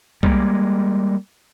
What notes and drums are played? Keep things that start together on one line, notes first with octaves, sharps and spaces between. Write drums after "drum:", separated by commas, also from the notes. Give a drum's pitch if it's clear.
G3 G#3 A#3, drum: kick B1